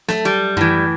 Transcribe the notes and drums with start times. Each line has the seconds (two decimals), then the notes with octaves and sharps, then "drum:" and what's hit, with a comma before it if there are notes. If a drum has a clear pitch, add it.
0.08 A3, drum: snare
0.25 G3
0.57 A2 E3, drum: tom F#2